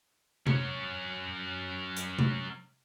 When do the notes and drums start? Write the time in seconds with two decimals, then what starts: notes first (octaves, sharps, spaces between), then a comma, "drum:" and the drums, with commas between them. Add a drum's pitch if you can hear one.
0.47 F#3 C#4, drum: tom C3
1.96 drum: hi-hat
2.19 drum: tom C3